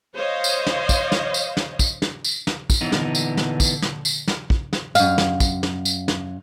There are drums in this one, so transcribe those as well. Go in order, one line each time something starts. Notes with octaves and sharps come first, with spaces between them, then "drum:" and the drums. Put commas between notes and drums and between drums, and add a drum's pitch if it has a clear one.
C5 C#5 D#5 F5
drum: tambourine
drum: snare
drum: kick, tambourine
drum: snare
drum: tambourine
drum: snare
drum: kick, tambourine
drum: snare
drum: tambourine
drum: snare
drum: kick, tambourine
A#2 D3 E3 B3 D#4
drum: snare
drum: tambourine
drum: snare
drum: kick, tambourine
drum: snare
drum: tambourine
drum: snare
drum: kick
drum: snare
F#2 F5, drum: tambourine
drum: snare
drum: kick, tambourine
drum: snare
drum: tambourine
drum: snare